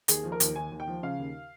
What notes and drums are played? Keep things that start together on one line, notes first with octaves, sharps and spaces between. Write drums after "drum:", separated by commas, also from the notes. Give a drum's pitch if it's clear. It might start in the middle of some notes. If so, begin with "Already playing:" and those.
D#2 G#4, drum: hi-hat
F3
A#4
D#2, drum: hi-hat
D#2 G#5
D#2
G5
F3
C#3 F5
D#2